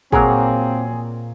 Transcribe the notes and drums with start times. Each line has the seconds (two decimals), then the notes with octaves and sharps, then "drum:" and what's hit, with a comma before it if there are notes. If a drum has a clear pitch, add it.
0.12 A#2 F#3 A#3 C4 G#4 C#5 F#5, drum: kick